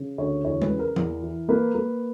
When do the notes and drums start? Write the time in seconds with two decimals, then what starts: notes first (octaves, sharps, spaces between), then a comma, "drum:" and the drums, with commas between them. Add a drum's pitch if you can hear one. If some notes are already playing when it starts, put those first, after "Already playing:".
Already playing: C#3
0.18 D2 C#5
0.44 E2 C#5
0.62 B4, drum: tom G#3
0.70 C#3
0.79 A#4
0.96 E2, drum: tom E3
1.23 E3
1.49 A#3 B4
1.75 A#3